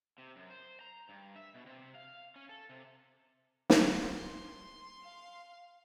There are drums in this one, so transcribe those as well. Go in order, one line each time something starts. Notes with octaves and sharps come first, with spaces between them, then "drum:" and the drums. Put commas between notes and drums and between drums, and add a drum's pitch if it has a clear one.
C3
F#2
C5
A#5
G2
E5
B2
C3
F5
C#4
A4
C3
drum: snare
C6
F5